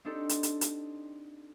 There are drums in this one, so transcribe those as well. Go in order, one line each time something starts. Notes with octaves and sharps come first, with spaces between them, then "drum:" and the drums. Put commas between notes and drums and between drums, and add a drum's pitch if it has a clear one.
C4 D4 D#4 G4 A4
drum: hi-hat
drum: hi-hat
drum: hi-hat